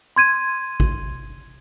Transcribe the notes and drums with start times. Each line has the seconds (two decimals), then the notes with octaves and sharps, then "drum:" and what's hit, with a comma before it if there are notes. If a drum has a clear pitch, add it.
0.16 C6 G#6 D#7
0.80 drum: kick G#1